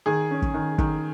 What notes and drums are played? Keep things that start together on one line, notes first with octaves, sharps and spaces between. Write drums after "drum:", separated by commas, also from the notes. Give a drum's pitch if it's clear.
D#3 G#4
C#4
drum: kick
D#3
D#3, drum: kick